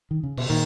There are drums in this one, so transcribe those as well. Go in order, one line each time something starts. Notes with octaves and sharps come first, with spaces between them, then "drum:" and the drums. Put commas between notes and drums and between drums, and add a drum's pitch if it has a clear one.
D#3
C#3
B2, drum: cymbal
A#2 D#3